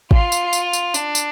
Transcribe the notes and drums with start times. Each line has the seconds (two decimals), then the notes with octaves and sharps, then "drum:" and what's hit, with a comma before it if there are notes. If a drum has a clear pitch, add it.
0.11 F4, drum: kick G#1
0.32 drum: tambourine
0.53 drum: tambourine
0.73 drum: tambourine
0.94 D4, drum: tambourine
1.15 drum: tambourine